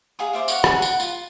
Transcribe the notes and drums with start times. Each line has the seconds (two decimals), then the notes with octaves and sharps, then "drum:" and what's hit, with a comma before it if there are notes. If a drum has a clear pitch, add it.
0.19 G#4 F5 G#5 D#6
0.33 C5 D5 E5 F5
0.48 C#5 D5 F5 F#5, drum: tambourine
0.64 G#4 B4 F#5, drum: rim click
0.82 F#5, drum: tambourine
1.00 F4, drum: tambourine